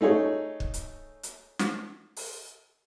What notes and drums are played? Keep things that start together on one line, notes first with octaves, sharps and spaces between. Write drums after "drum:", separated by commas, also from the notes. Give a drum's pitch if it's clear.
A3 D#4 G#4 C#5
drum: kick
drum: hi-hat
drum: hi-hat
drum: snare
drum: open hi-hat